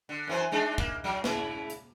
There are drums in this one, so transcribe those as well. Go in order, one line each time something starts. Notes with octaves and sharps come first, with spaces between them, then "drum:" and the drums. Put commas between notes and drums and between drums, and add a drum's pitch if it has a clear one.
D3
F#2 E3 C5
G#3 D4 D#4
A#3, drum: kick
F#3
C#3 E4, drum: snare
drum: hi-hat